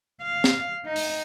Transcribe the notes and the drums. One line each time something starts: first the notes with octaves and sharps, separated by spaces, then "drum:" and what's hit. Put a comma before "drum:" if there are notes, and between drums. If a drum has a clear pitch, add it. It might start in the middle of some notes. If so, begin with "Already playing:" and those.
F5
drum: snare
D#4
drum: open hi-hat